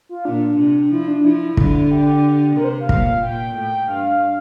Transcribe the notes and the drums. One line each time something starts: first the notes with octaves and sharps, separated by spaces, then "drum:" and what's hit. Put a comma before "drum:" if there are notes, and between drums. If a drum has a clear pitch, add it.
F4
A#2 D4
C3
F3 E4
D4
F3 E4
D3, drum: kick
G4
C3 A#4
C5
F5
A#2, drum: kick
A#2 G5
A2 G5
G2 F5